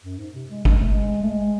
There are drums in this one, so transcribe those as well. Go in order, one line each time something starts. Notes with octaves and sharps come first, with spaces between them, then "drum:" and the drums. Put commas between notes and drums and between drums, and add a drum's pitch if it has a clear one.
F#2
G#2
C3
G#3
G#3, drum: kick G1
A3
G#3
A3
G#3